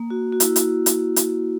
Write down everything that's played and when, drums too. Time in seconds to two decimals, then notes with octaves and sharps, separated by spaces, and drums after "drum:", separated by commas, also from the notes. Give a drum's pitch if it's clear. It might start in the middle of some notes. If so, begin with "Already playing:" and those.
Already playing: A#3
0.10 F#4
0.32 F#4
0.40 E4, drum: hi-hat
0.56 drum: hi-hat
0.86 drum: hi-hat
1.16 drum: hi-hat